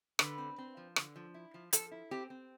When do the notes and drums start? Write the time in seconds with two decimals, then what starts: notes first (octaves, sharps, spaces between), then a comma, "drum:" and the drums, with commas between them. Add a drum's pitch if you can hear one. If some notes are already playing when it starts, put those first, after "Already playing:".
0.19 D3 B4, drum: rim click
0.38 C4
0.58 C4
0.77 F3
0.96 D3, drum: rim click
1.16 F3
1.34 E4
1.54 F3
1.73 F3 A4, drum: hi-hat
1.91 E4
2.11 C4 G4
2.30 C4